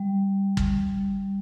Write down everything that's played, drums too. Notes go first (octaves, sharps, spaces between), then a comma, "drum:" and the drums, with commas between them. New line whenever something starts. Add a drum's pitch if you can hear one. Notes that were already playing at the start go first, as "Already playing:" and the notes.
Already playing: G3
drum: kick